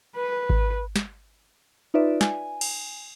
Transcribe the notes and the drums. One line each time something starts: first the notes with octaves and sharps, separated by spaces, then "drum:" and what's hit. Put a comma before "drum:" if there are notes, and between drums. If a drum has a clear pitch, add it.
B4
drum: kick G#1
drum: snare
D#4 F4 B4 D5 E5
G#5, drum: snare
drum: cymbal